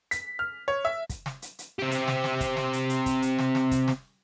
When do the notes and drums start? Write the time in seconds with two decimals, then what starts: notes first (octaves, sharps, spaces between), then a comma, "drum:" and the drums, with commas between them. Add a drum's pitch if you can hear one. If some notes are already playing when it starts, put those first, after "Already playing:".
0.11 B6, drum: hi-hat
0.39 F6
0.68 C#5
0.85 E5
1.09 drum: kick, hi-hat
1.26 drum: snare
1.42 drum: hi-hat
1.59 drum: hi-hat
1.79 C4 G4
1.91 drum: hi-hat
2.08 drum: snare
2.24 drum: snare
2.40 drum: kick, hi-hat
2.57 drum: snare
2.73 drum: hi-hat
2.89 drum: hi-hat
3.06 drum: kick, hi-hat
3.22 drum: hi-hat
3.39 drum: snare
3.55 drum: snare
3.71 drum: kick, hi-hat
3.88 drum: snare